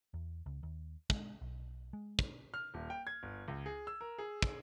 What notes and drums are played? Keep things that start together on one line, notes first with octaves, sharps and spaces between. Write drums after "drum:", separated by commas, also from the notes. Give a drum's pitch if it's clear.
E2
C#2
D#2
G#3, drum: kick
B1
G#3
drum: kick
F6
D#1
G5
G#6
G1
C#2
G#4
E6
A#4
G#4
drum: kick